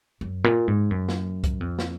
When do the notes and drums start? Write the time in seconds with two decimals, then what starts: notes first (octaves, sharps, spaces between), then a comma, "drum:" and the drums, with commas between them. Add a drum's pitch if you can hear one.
0.21 F#2
0.44 A#2
0.68 G#2
0.91 F#2
1.09 drum: snare
1.44 drum: kick C2, hi-hat
1.61 F2
1.79 drum: snare